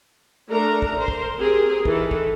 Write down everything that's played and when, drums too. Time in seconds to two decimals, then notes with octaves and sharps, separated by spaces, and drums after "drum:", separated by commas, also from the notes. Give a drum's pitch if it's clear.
0.49 A3 D4 A#4 A#5
0.82 drum: kick
0.96 A#4 C5
1.08 drum: kick
1.39 C4 G4 G#4 A#4
1.85 D#3 E3 A4, drum: kick
2.11 drum: kick